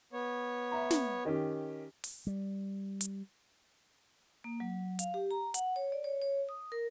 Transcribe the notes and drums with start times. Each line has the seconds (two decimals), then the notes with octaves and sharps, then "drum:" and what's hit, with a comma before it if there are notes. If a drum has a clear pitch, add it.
0.13 B3 C#5
0.72 E5 A#5
0.91 drum: snare
1.25 D#3 C#4 G4
2.04 drum: open hi-hat
2.27 G3
3.01 drum: hi-hat
4.44 A#3
4.60 F#3
4.99 F5, drum: hi-hat
5.14 G4
5.31 A#5
5.54 F#5, drum: hi-hat
5.76 C#5
5.92 D5
6.04 C#5
6.22 C#5
6.49 D#6
6.72 A#4